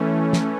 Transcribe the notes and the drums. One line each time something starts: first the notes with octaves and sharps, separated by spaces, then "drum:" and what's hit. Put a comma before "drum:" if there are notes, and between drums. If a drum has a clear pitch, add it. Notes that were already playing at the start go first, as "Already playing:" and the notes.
Already playing: E3 A3 C#4
drum: snare